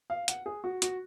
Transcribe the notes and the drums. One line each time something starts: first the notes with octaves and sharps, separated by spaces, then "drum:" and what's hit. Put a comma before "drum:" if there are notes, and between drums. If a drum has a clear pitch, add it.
F5
F#5, drum: hi-hat
G#4
F#4
F#4, drum: hi-hat